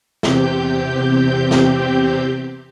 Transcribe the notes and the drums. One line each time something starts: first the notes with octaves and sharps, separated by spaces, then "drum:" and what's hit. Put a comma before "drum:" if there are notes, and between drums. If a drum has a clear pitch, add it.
E2 C3 C4 G4 G6, drum: snare
drum: snare